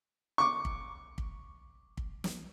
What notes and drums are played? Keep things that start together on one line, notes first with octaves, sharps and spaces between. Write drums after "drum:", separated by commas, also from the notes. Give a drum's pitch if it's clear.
C#6 D6
drum: kick
drum: kick
drum: kick
drum: snare